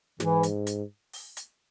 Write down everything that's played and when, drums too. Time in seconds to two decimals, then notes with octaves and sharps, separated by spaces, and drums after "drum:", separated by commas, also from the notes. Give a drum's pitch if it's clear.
0.20 G#2 E3, drum: snare
0.43 drum: hi-hat
0.67 drum: hi-hat
1.13 drum: open hi-hat
1.37 drum: hi-hat